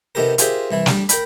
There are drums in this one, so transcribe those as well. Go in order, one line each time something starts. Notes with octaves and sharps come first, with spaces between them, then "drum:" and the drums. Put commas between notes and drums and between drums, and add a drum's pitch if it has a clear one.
C3 D#3 B3 G4 A4 A#4
F4 G4 G#4 A#4 C5 E5, drum: hi-hat
C2 E3 E4
G3 D4, drum: snare
A#4 G5 B5, drum: hi-hat